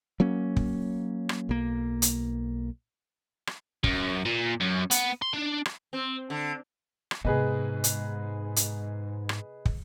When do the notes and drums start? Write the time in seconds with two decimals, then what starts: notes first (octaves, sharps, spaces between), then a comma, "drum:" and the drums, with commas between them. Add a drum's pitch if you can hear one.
0.20 F#3 A#3 C#4
0.56 drum: kick
1.29 drum: rim click
1.49 B1 A#3
2.02 drum: hi-hat
3.47 drum: rim click
3.84 F#2, drum: kick
4.25 A#2
4.61 F#2
4.91 B3, drum: hi-hat
5.22 C6
5.33 D4
5.66 drum: rim click
5.93 C4
6.30 D3
7.11 drum: rim click
7.25 G#2 C3 B3 G#4 B4 D#5
7.84 drum: hi-hat
8.56 drum: hi-hat
9.29 drum: rim click
9.65 drum: kick